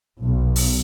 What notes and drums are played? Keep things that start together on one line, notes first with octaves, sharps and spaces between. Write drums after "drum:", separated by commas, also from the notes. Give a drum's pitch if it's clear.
B1
drum: open hi-hat